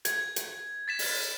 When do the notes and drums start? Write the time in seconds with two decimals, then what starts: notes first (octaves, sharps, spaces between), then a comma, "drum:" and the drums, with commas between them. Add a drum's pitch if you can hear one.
0.05 G#6, drum: hi-hat
0.36 drum: hi-hat
0.88 A6 B6 E7
0.99 drum: open hi-hat